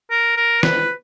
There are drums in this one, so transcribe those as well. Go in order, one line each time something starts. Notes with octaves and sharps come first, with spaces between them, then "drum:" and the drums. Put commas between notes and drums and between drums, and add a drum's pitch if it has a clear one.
A#4
A#4
B4, drum: snare